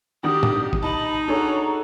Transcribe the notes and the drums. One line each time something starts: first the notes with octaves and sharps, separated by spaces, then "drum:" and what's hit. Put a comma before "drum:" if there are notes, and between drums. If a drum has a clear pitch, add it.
D#3 D4 F#4 G4 D#6
drum: tom
drum: kick
D#4 D#5 A5 B5
D4 F#4 G#4 A4 C#5 A#5